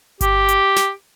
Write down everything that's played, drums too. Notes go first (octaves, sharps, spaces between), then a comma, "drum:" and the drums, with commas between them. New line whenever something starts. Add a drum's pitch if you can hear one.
G4, drum: kick G1, hi-hat
drum: hi-hat
drum: snare